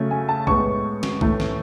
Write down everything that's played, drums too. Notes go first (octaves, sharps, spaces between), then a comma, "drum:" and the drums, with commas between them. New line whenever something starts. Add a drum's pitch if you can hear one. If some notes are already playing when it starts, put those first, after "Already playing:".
Already playing: C#3 F#3 A3 C#4
G#5
A5
A2 G#3 B3 C#6, drum: kick
drum: snare
A2 E3 A3, drum: kick
drum: snare